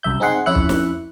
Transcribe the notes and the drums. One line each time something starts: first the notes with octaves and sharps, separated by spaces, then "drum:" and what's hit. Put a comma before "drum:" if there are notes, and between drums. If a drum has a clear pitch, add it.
C2 F#2 E5 G6
C4 D#4 G#4 F#5 C6
F2 C#4 E4 E5 F#6 C#7
drum: kick
drum: snare